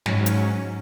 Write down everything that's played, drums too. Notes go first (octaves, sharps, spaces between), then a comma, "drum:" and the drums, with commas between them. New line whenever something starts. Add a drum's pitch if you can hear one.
G#2 F#3 C#4, drum: snare
drum: hi-hat